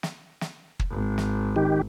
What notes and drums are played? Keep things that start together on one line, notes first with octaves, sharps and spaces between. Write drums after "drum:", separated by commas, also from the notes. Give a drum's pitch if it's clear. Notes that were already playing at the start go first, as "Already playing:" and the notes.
drum: snare
drum: snare
drum: kick
G#1
drum: snare
D#3 G4